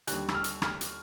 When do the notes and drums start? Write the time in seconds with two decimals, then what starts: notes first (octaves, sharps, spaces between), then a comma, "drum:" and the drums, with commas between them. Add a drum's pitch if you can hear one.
0.07 D#2 D3 G3 F#6, drum: hi-hat
0.29 E6, drum: rim click
0.34 F6
0.44 drum: hi-hat
0.62 F6, drum: rim click
0.81 drum: hi-hat